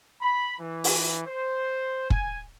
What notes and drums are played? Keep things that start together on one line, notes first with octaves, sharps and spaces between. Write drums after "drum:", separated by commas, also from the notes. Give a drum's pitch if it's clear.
B5
E3
drum: open hi-hat
C5
G#5, drum: kick